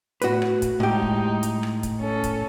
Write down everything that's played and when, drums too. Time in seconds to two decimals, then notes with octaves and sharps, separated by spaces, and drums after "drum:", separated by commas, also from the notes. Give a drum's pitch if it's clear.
0.22 A2 F#4 B4, drum: hi-hat
0.42 drum: rim click
0.62 drum: kick, hi-hat
0.80 A2 G#3 D#4 G4
1.02 drum: kick
1.43 drum: hi-hat
1.63 drum: rim click
1.83 drum: kick, hi-hat
2.00 C#4 A4
2.24 drum: kick, hi-hat